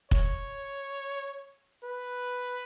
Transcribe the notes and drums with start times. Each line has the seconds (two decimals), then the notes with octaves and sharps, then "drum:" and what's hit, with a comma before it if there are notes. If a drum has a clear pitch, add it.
0.11 C#5, drum: kick
1.84 B4